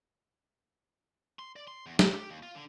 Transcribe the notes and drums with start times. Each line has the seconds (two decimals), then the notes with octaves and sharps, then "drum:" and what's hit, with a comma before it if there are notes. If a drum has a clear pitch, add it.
1.39 C6
1.56 D5
1.68 C6
1.86 E2
1.99 E5, drum: snare
2.13 G4
2.30 D#2
2.43 F4
2.54 D3